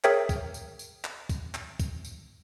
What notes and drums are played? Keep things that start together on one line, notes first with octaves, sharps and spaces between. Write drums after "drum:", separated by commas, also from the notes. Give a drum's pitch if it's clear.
G#4 A#4 C#5 E5 G5, drum: clap
drum: kick, tambourine
drum: tambourine
drum: tambourine
drum: clap
drum: kick, tambourine
drum: clap
drum: kick, tambourine
drum: tambourine